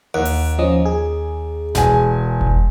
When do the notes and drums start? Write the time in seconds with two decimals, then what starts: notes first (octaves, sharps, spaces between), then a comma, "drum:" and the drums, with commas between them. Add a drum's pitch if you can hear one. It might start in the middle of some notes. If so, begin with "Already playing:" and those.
0.14 D#2 F#5
0.25 drum: open hi-hat
0.59 F3 C#4 D#5
0.86 G#4
1.75 E1 G#5, drum: snare
2.41 drum: kick F1